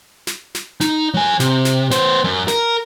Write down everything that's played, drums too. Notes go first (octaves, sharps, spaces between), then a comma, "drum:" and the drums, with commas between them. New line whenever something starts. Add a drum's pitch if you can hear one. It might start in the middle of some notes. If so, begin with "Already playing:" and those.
drum: snare
drum: snare
D#4, drum: snare
F#3 G#5
C3, drum: snare
drum: snare
B3 C5, drum: snare
F#2
A#4, drum: snare